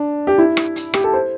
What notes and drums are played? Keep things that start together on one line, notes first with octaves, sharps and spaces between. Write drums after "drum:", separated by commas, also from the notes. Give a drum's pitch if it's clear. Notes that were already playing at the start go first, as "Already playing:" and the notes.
Already playing: D4
G4
E4
drum: rim click
drum: hi-hat
G4, drum: rim click
A4
C5